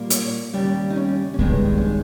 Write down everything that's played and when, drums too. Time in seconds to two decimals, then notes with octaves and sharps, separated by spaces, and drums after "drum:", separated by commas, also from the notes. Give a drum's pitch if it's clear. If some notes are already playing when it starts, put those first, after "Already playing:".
Already playing: A#2 G3 A#3
0.10 C#5, drum: hi-hat
0.53 D#2 C#3 G3
0.90 D#4
0.96 C#4
1.34 C#4
1.39 G2 D#3 G#3 B3, drum: kick
1.77 C#4
1.81 D#4